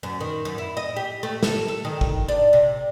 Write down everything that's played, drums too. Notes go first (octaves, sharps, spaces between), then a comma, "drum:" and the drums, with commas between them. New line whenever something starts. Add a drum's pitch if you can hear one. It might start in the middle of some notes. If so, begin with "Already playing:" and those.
F#2
D#3
F#2
E4
D#5
G4
A3
A4, drum: snare
A4
D#3
drum: kick
D4
C3